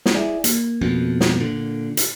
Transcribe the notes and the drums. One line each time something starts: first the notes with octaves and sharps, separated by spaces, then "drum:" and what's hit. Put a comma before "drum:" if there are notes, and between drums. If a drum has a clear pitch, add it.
drum: snare
E4 G#4 D5
A#3, drum: hi-hat
F2 B2
drum: snare
A#2 D3
drum: hi-hat